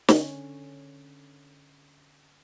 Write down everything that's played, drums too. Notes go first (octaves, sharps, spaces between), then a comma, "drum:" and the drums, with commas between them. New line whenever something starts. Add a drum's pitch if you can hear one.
D3 C#4 C#5, drum: snare